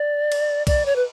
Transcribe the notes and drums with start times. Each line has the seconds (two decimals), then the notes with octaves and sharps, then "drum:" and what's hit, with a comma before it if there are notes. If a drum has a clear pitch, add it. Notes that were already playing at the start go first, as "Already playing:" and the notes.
Already playing: D5
0.32 drum: cymbal
0.67 D5, drum: kick, cymbal
0.86 C#5
0.96 B4